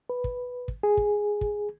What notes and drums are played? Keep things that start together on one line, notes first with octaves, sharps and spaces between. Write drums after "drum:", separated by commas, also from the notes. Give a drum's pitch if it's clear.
B4
drum: kick
drum: kick
G#4
drum: kick
drum: kick